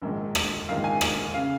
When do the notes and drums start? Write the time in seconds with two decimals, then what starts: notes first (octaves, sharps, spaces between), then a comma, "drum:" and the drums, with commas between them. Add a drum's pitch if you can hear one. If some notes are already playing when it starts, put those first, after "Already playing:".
0.02 A#1 G#2 D#3
0.35 drum: rim click
0.69 A#1 G#2 D#3 F5
0.84 G#5
1.01 drum: rim click
1.34 C#3 F5